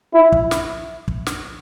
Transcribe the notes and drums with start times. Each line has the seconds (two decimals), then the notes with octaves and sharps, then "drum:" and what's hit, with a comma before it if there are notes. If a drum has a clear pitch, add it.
0.14 E4
0.32 drum: kick
0.51 drum: snare
1.08 drum: kick
1.26 drum: snare